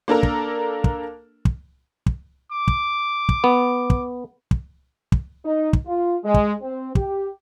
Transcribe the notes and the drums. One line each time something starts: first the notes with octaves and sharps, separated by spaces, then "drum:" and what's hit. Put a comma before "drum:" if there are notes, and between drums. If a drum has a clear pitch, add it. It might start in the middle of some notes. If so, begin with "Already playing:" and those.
A#3 D4 A4 A#4
drum: kick
drum: kick
drum: kick
drum: kick
D6
drum: kick
drum: kick
B3
drum: kick
drum: kick
drum: kick
D#4
drum: kick
F4
G#3
drum: kick
C4
G4, drum: kick